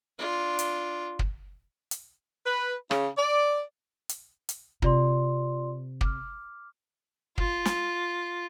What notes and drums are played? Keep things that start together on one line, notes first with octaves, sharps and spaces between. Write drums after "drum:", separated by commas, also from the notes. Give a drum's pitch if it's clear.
D4 F4
drum: hi-hat
drum: kick
drum: hi-hat
B4
C#3, drum: rim click
D5
drum: hi-hat
drum: hi-hat
C3 F4 D5 C6, drum: kick
D6 F6, drum: kick
F4, drum: kick
drum: snare